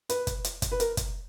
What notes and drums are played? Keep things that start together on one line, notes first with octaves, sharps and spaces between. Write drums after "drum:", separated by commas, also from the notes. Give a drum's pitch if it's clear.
B4, drum: hi-hat
drum: kick, hi-hat
drum: hi-hat
drum: kick, hi-hat
B4
A#4, drum: hi-hat
drum: kick, hi-hat